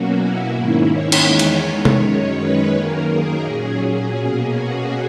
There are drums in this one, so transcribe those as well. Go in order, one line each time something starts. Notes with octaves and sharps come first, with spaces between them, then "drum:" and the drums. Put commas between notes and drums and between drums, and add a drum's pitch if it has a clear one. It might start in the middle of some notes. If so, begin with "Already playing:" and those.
Already playing: B2 F#3 A#3 C#4 F#4
E4
G#2 D#3 A#3 C#4
C#5
drum: cymbal
E2 D#3 G#3
drum: cymbal
drum: tom C3
F#2 D#3 G#3 C#4
B4
F#2 D#3 A#3 A#4
G#4
A#2 F#3 C#4
B2 A#3 C#4
F#4